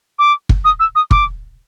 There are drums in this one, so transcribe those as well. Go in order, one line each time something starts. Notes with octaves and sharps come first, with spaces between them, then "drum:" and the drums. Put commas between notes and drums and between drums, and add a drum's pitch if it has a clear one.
D6
drum: kick
D#6
E6
D#6
D6, drum: kick